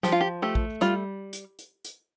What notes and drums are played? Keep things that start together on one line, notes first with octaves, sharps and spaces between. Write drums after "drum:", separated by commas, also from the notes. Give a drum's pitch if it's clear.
F3 G4, drum: snare
F4
G4
A3 G4
drum: kick
G3 F4, drum: hi-hat
drum: hi-hat
drum: hi-hat
drum: hi-hat